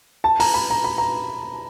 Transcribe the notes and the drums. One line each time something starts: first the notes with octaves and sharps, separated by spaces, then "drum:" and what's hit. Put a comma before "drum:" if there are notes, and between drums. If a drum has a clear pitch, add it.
A5
A#5, drum: open hi-hat
B5
A#5
B5
A#5